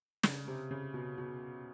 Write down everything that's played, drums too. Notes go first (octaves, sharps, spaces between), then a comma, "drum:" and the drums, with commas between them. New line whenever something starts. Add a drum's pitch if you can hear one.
C#3, drum: snare
C3
C#3
B2
B2